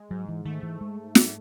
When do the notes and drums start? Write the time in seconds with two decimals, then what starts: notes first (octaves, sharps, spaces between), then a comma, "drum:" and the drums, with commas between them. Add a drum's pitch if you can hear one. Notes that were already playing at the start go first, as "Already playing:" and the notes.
Already playing: G#3
0.11 G#2 F#3
0.29 E3
0.45 D#3 A3
0.63 E3
0.81 G#3
1.15 drum: snare